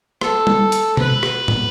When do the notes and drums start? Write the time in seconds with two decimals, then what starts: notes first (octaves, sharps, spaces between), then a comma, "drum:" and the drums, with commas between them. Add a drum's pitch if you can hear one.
0.21 A4, drum: rim click
0.47 drum: tom G3
0.72 drum: hi-hat
0.97 B4, drum: tom B2
1.23 drum: rim click
1.48 drum: tom